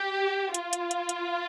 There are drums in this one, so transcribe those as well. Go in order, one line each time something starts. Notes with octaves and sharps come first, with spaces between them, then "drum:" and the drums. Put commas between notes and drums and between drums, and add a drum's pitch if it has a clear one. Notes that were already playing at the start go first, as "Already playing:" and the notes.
Already playing: G4
F4, drum: hi-hat
drum: hi-hat
drum: hi-hat
drum: hi-hat